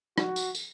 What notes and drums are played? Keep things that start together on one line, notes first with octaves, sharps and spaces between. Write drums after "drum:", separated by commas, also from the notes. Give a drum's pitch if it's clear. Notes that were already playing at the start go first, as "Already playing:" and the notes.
F#4, drum: rim click
drum: tambourine
drum: tambourine